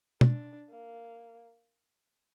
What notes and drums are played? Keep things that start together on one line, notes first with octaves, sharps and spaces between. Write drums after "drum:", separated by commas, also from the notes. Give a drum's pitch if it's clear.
D4, drum: tom
A#3